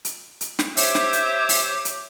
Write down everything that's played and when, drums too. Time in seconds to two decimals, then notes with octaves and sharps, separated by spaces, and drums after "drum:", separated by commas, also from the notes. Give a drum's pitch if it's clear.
0.05 drum: hi-hat
0.41 drum: hi-hat
0.59 drum: snare
0.77 G4 C5 C#5 E5 D6 G6, drum: open hi-hat
0.95 drum: snare
1.13 drum: hi-hat
1.49 drum: open hi-hat
1.85 drum: hi-hat